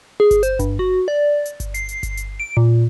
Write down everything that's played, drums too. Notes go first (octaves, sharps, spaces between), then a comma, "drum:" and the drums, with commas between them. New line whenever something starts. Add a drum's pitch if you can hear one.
G#4
drum: kick G1, hi-hat
C5, drum: hi-hat
G2, drum: kick G1, hi-hat
F#4
D5
drum: hi-hat
drum: kick G1, hi-hat
C7, drum: hi-hat
drum: hi-hat
drum: kick G1, hi-hat
drum: hi-hat
D7
A#2